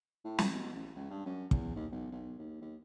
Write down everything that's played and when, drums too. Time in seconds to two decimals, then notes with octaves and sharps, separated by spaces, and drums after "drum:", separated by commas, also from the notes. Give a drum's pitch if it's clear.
0.25 A2
0.39 drum: snare
0.53 B2
0.75 A1
0.96 C#2
1.10 G2
1.26 F#2
1.51 E2, drum: kick
1.75 D#2
1.92 B1
2.12 B1
2.38 D#2
2.61 D#2